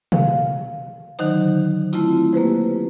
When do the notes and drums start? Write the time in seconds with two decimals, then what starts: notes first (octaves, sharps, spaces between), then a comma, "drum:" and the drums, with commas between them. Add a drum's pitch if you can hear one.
0.12 F5, drum: tom B2
1.19 D3 D#3 F#3 D#4 C5, drum: hi-hat
1.93 A3 C4 E4 F4, drum: tambourine
2.33 A#3 G4 B4 C5